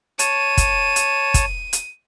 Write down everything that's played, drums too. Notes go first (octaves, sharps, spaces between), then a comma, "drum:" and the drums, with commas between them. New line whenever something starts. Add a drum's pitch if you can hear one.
C#5 A5 D#7, drum: hi-hat
drum: kick, hi-hat
drum: hi-hat
drum: kick, hi-hat
drum: hi-hat